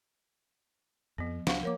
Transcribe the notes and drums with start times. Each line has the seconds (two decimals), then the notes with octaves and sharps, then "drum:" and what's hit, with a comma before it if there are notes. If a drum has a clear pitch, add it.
1.18 F2 F3 B3
1.47 C#2 F#3 D4 F5 F#5 C#6, drum: snare
1.63 F3 A#3 A#4 C#5 D6